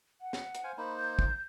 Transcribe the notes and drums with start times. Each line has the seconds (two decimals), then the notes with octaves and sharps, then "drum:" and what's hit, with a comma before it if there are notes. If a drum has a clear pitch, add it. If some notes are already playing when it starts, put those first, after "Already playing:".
0.21 F#5
0.33 drum: snare
0.55 drum: hi-hat
0.64 C5 F5 G#5
0.78 A#3 D#4 C5 B5
0.97 G6
1.19 drum: kick